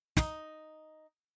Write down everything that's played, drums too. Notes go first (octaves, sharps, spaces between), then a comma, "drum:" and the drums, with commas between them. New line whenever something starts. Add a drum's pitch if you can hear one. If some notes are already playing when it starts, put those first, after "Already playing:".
D#4, drum: snare